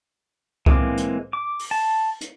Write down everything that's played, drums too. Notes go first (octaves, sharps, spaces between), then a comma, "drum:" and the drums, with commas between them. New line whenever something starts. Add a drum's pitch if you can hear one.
E3 G#3 A#3 C4 D6, drum: kick C2
drum: hi-hat
D6
drum: open hi-hat
A5
drum: hi-hat